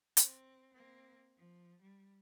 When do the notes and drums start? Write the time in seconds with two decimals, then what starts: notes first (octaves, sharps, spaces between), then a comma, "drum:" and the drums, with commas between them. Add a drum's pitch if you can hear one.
0.17 C4, drum: hi-hat
0.74 A#3 C4
1.37 F3
1.82 G3